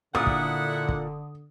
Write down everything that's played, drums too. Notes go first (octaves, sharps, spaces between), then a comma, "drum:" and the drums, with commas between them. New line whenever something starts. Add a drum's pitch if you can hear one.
A#2 D3 E4 F#5 D#6
drum: kick
drum: kick